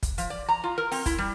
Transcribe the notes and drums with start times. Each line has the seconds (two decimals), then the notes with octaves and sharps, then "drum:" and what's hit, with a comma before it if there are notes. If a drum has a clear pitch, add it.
0.03 drum: kick, hi-hat
0.18 F3, drum: hi-hat
0.30 D5
0.49 A#5
0.64 F4
0.78 A#4
0.92 C4, drum: open hi-hat
1.06 E4, drum: kick, hi-hat
1.18 G3